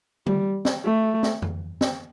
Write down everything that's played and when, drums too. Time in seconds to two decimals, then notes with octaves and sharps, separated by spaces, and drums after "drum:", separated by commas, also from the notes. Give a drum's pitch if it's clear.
0.26 G3, drum: tom D3
0.65 drum: snare
0.84 A3
1.23 drum: snare
1.42 drum: tom F2
1.81 drum: snare